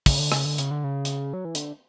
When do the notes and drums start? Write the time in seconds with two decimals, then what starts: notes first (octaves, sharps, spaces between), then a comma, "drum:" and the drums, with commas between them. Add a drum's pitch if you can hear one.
0.06 C#3, drum: kick, open hi-hat
0.19 D3
0.32 C#3, drum: rim click
0.45 D3
0.58 C#3, drum: hi-hat
0.71 D3
0.84 C#3
1.05 drum: hi-hat
1.34 F#3
1.45 E3
1.55 D3, drum: hi-hat